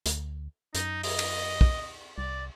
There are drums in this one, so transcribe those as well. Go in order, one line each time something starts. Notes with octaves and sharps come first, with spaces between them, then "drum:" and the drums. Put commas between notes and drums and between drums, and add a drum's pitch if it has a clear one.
D2, drum: hi-hat
F#2 D#4, drum: hi-hat
D#5, drum: open hi-hat
drum: cymbal
drum: kick
C2 D5